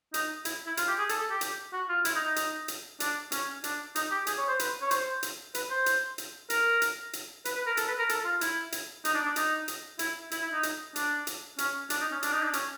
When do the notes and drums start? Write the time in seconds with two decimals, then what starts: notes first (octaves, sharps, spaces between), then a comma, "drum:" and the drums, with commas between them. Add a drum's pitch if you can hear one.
0.14 D#4, drum: hi-hat
0.45 E4, drum: hi-hat
0.66 E4
0.77 F4, drum: hi-hat
0.88 G4
0.98 G#4
1.09 A4, drum: hi-hat
1.20 A4
1.30 G4
1.41 drum: hi-hat
1.73 F#4
1.89 F4
2.05 E4, drum: hi-hat
2.15 D#4
2.26 D#4
2.36 drum: hi-hat
2.68 drum: hi-hat
3.00 D4, drum: hi-hat
3.32 C#4, drum: hi-hat
3.64 D4, drum: hi-hat
3.95 D#4, drum: hi-hat
4.11 G4
4.27 G#4, drum: hi-hat
4.38 C#5
4.48 C5
4.59 B4, drum: hi-hat
4.82 C#5
4.91 C5, drum: hi-hat
5.23 drum: hi-hat
5.55 B4, drum: hi-hat
5.70 C5
5.86 drum: hi-hat
6.18 drum: hi-hat
6.50 A#4, drum: hi-hat
6.82 drum: hi-hat
7.13 drum: hi-hat
7.45 B4, drum: hi-hat
7.56 B4
7.66 A#4
7.77 A4, drum: hi-hat
7.88 B4
7.99 A#4
8.09 A4, drum: hi-hat
8.25 F4
8.41 E4, drum: hi-hat
8.72 drum: hi-hat
9.05 D#4, drum: hi-hat
9.14 D4
9.25 D4
9.36 D#4, drum: hi-hat
9.68 drum: hi-hat
9.99 E4, drum: hi-hat
10.31 E4, drum: hi-hat
10.42 E4
10.53 D#4
10.63 drum: hi-hat
10.96 D4, drum: hi-hat
11.27 drum: hi-hat
11.58 C#4, drum: hi-hat
11.90 D4, drum: hi-hat
12.01 D#4
12.12 C#4
12.23 D4, drum: hi-hat
12.32 D#4
12.42 D4
12.53 C#4, drum: hi-hat